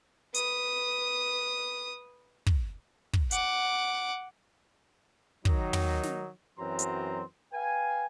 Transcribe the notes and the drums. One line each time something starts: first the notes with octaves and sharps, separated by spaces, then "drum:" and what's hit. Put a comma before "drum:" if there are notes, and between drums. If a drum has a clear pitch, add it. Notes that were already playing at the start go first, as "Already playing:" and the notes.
B4 D#6, drum: hi-hat
drum: kick
drum: kick
F#5 D6, drum: hi-hat
D#3 F#3 D#4, drum: kick
drum: tom
drum: snare
F#2 E3 F#3 C4 A#5 C6
drum: hi-hat
B4 F5 G5 G#5